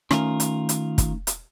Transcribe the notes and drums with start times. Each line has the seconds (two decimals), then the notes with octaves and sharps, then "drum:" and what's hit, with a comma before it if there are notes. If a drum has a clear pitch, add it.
0.11 D#3 A3 C#4 F4 A#4, drum: rim click
0.40 drum: hi-hat
0.69 drum: hi-hat
0.98 drum: kick, hi-hat
1.27 drum: hi-hat